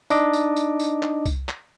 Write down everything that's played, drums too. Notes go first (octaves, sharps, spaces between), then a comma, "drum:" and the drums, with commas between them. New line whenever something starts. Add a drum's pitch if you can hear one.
D4 D#4 D#5 D6, drum: tambourine
drum: tambourine
drum: tambourine
drum: tambourine
drum: clap
drum: kick C2, tambourine
drum: clap